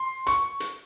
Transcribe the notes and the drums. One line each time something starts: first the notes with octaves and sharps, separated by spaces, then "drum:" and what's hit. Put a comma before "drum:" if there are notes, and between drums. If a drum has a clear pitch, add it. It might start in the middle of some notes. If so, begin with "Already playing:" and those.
Already playing: C6
C#6, drum: hi-hat
drum: hi-hat